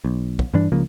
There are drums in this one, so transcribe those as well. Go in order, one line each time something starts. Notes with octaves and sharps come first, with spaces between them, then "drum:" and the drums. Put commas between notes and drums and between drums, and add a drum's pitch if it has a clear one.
B1
drum: kick
G2 E3 D4
C#2 C#3 F3 A#3